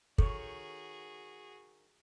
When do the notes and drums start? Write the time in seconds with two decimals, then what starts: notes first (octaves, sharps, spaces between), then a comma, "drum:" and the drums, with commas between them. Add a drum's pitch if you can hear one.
0.18 D#3 F#4 G#4 A4 C#5, drum: kick